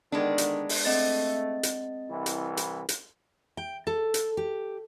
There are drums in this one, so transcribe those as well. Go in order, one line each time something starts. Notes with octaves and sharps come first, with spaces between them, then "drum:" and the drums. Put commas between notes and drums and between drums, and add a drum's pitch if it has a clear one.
D3 D#3 G#3 B3 D4
drum: hi-hat
drum: open hi-hat
A3 C4 D#5 A6
drum: hi-hat
C2 E3
drum: hi-hat
drum: hi-hat
drum: hi-hat
G5
A4
drum: hi-hat
G4